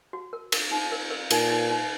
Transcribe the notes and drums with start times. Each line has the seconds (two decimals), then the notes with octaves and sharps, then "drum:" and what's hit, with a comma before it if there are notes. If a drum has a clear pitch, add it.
0.13 F#4
0.33 A#4
0.52 A#4, drum: cymbal
0.71 D#4
0.92 A#4
1.10 A#4
1.31 A#2 D#4, drum: cymbal
1.50 D#4
1.70 D#4